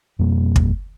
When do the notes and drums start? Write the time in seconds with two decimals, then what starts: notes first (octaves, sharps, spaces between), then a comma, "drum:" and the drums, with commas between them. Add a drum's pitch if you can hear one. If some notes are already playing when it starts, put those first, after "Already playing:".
0.19 F2 B2 G3 A#3
0.56 drum: kick